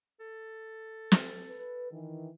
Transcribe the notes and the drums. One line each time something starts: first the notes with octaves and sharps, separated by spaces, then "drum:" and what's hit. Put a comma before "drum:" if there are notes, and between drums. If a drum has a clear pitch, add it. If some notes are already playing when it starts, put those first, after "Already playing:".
A4
drum: snare
B4
D#3 E3